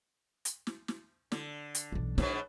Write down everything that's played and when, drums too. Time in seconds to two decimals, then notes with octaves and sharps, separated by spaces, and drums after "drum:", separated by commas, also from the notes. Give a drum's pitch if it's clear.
0.45 drum: hi-hat
0.67 drum: snare
0.88 drum: snare
1.32 D3, drum: snare
1.75 drum: hi-hat
1.92 B1 E3
2.18 G#2 B2 F#3 D4, drum: snare